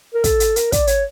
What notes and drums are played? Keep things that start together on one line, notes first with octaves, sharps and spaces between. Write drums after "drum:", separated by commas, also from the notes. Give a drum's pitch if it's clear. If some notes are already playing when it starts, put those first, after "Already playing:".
A#4
A4, drum: kick, hi-hat
drum: hi-hat
A#4, drum: hi-hat
D5, drum: kick, hi-hat
C#5, drum: hi-hat